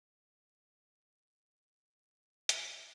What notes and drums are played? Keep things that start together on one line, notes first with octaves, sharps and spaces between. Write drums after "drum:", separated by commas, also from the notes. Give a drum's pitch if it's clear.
D3 C#4 A#4
drum: hi-hat